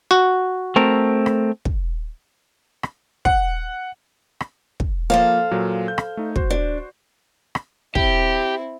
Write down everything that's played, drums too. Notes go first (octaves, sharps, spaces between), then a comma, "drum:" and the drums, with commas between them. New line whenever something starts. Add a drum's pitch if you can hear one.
F#4
A3 C4 A#4
drum: rim click
drum: kick
drum: rim click
F#5, drum: kick
drum: rim click
drum: kick
F3 A#3 A4 C5 F5
A#2 F#3
G6
drum: rim click
A3 D#4
F#4 C5, drum: kick
D4
drum: rim click
C4 E4 G4, drum: kick